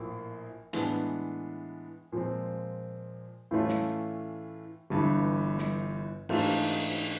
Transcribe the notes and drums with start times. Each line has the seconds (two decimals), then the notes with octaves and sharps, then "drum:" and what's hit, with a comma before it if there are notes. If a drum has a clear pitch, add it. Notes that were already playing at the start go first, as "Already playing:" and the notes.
Already playing: A#1 A2 F3 A#3
0.73 A2 E3 G#3 B3 D4, drum: hi-hat
2.12 A#2 F3 G#3 C4
3.51 A2 E3 A3 C#4 F4
3.69 drum: snare
4.90 G1 G2 E3
5.58 drum: snare
6.29 G#2 E3 A3 D4 F4, drum: cymbal
6.74 drum: cymbal